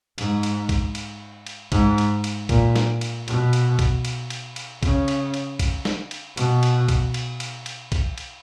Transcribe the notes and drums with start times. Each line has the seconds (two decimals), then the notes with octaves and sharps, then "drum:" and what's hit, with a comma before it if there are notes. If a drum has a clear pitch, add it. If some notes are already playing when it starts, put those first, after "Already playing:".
0.18 G#2, drum: cymbal
0.43 drum: cymbal
0.69 drum: kick, cymbal
0.95 drum: cymbal
1.47 drum: cymbal
1.72 G#2, drum: kick, cymbal
1.98 drum: cymbal
2.24 drum: cymbal
2.49 A#2, drum: kick, cymbal
2.76 drum: snare
3.01 drum: cymbal
3.28 B2, drum: cymbal
3.53 drum: cymbal
3.79 drum: kick, cymbal
4.05 drum: cymbal
4.30 drum: cymbal
4.56 drum: cymbal
4.83 C#3, drum: kick, cymbal
5.08 drum: cymbal
5.34 drum: cymbal
5.59 drum: kick, cymbal
5.85 drum: snare
6.11 drum: cymbal
6.37 B2, drum: cymbal
6.63 drum: cymbal
6.89 drum: kick, cymbal
7.14 drum: cymbal
7.40 drum: cymbal
7.66 drum: cymbal
7.92 drum: kick, cymbal
8.18 drum: cymbal